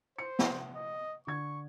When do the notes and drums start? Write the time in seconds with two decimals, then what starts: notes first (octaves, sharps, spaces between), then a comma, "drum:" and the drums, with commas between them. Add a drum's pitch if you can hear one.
0.18 C5 C#7
0.39 drum: snare
0.76 D#5
1.27 D3 C#6 G#6